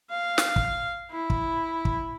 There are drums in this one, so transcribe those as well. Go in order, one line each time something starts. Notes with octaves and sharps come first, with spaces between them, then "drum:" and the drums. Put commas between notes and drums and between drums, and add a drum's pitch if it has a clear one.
F5
drum: snare
drum: kick
E4
drum: kick
drum: kick